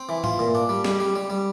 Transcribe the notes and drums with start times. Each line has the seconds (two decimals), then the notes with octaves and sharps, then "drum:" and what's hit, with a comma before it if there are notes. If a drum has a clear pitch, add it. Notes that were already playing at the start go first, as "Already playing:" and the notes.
Already playing: C4
0.09 E3
0.24 F4, drum: tom G#2
0.39 A#2
0.55 D4
0.69 G3
0.84 G3, drum: snare
1.00 G3
1.15 G3
1.30 G3